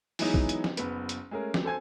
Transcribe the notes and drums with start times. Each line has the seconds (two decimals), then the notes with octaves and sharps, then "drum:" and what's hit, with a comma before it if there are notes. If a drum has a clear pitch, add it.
0.19 E3 F#3 G#3 B3 D#4, drum: open hi-hat
0.34 drum: kick
0.49 drum: hi-hat
0.64 drum: snare
0.77 F#1 B3 B4, drum: hi-hat
1.09 drum: hi-hat
1.31 G#3 A3 C#4 G#4 A#4
1.54 drum: snare
1.64 A4 C5 G#5 G#6